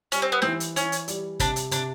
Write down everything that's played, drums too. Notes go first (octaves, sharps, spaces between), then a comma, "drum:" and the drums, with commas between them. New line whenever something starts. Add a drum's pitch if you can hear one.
G3 C#4, drum: hi-hat
C4
B3
E3 C4, drum: snare
drum: hi-hat
E3 C#4, drum: hi-hat
drum: hi-hat
G3, drum: hi-hat
C3 D4, drum: kick, hi-hat
drum: hi-hat
C3 D4, drum: hi-hat